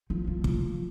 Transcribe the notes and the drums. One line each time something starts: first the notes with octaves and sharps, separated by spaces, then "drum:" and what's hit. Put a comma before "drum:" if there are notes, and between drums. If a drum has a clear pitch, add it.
F3
F3
F3, drum: kick